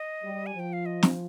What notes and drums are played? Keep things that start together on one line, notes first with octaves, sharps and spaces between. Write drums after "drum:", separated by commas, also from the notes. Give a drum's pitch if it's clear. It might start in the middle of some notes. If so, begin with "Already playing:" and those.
Already playing: D#5
G3
G#5
F3 G5
F5
D#5
drum: snare